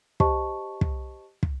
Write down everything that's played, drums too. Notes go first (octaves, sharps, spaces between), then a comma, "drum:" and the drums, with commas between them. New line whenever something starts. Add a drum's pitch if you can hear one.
G4 C5 D#5 A5 C#6, drum: kick
drum: kick
drum: kick